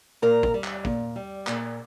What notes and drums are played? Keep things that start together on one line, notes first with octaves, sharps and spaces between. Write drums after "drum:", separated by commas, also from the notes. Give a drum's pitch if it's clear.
A#2 A#4
drum: kick
G3
drum: clap
A#2, drum: kick
G3
A#2, drum: clap